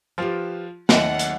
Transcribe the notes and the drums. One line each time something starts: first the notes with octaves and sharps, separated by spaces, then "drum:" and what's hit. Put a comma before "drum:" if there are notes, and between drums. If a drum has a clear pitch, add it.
F3 F4 G4 B4 G5
D#2 F#3 A3 D#5 E5 F#5, drum: snare
drum: hi-hat